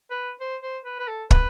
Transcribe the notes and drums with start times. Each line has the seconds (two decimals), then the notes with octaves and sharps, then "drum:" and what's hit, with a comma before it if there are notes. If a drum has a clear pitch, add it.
0.11 B4
0.40 C5
0.62 C5
0.85 B4
0.99 B4
1.08 A4
1.31 B4, drum: kick